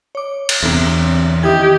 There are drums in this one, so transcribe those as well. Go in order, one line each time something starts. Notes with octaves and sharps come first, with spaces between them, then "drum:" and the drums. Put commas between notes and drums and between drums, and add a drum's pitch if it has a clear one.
C#5 D6
drum: cymbal
G1 E2 C3
D#3 E4 G4 D#6 G#6